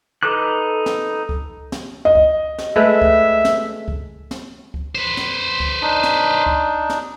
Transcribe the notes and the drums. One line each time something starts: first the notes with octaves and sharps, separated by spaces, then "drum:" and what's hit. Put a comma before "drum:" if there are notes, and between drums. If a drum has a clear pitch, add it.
D#4 A4 B4 D6 F#6
drum: snare
drum: kick C#2
drum: snare
D#5
drum: kick C#2
drum: snare
G#3 A3 B4 E5
drum: kick C#2
drum: snare
drum: kick C#2
drum: snare
drum: kick C#2
B4 C5
drum: snare
drum: kick C#2
D4 D#4
drum: snare
drum: kick C#2
drum: snare